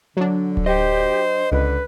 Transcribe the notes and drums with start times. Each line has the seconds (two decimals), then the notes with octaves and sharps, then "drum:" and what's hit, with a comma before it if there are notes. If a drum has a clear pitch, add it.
0.17 D3 F#3 D4
0.57 drum: kick D1
0.66 G4 C5 D#5 G5
1.52 C#2 D3 B4